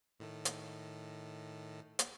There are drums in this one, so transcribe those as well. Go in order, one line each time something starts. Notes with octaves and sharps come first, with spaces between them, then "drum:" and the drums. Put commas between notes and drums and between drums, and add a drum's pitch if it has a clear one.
A2 D#3 A3
drum: hi-hat
drum: hi-hat